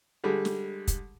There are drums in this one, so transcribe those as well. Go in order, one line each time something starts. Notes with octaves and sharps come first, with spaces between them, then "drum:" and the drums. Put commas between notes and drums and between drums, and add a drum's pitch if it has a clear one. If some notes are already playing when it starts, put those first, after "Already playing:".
D3 G3 G#3
drum: snare
drum: kick, hi-hat